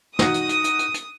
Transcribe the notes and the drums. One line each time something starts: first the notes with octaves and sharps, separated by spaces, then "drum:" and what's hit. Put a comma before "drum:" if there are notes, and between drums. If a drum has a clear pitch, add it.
D#4 F#4 D#6, drum: snare
drum: hi-hat
drum: hi-hat
drum: hi-hat
drum: hi-hat
drum: hi-hat